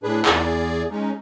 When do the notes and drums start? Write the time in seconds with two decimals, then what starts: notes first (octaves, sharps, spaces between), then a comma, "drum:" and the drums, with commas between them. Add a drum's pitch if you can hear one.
0.03 A2 D4 G#4 B4
0.25 E2 G#4 D5, drum: clap
0.91 G#3 C#4 D#4